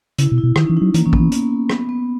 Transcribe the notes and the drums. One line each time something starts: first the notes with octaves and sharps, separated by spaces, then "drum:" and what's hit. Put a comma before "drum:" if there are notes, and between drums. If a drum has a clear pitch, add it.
C#3 E4, drum: hi-hat
B2
E4
B2
D#3 D#4, drum: rim click
E3 C#4
F#3 D#4
E3 A#3, drum: hi-hat
E3 C#4
B3, drum: kick
E3
A#3, drum: hi-hat
B3, drum: rim click
B3